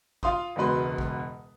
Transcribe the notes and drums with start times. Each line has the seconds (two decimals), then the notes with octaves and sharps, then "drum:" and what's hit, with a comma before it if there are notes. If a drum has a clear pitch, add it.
0.23 F4 F5 C6 D#6, drum: kick
0.56 E1 C#2 B2 B4 C6
0.98 drum: kick